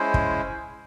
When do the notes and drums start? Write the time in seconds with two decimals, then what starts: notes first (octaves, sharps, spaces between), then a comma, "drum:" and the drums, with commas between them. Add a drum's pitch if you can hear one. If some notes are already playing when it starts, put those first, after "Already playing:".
Already playing: G#3 C#4 E4 C5
0.14 drum: kick